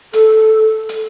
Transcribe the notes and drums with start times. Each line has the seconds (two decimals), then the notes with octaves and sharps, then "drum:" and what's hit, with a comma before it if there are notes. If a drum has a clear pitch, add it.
0.13 A4, drum: hi-hat
0.89 drum: hi-hat